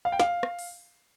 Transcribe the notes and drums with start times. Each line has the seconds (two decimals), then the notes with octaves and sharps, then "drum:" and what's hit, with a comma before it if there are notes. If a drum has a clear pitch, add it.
0.05 F5
0.12 G5
0.20 F5, drum: snare
0.43 drum: rim click
0.59 drum: open hi-hat